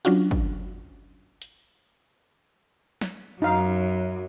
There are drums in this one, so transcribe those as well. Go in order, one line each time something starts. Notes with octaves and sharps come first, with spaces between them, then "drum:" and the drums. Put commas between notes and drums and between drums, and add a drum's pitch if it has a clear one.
F#3 C#4 D4 F4 F#4
drum: kick
drum: hi-hat
drum: snare
F#2 D#4 F5